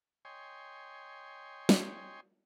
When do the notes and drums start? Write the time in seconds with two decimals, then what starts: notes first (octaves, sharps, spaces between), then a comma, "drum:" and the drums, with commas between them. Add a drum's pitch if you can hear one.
0.25 C#5 D#5 G5 G#5 C6
1.69 drum: snare